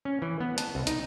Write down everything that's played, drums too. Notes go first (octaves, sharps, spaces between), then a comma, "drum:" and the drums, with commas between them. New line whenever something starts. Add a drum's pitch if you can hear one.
C#4
E3
B3
A5, drum: hi-hat
C2
D#4, drum: hi-hat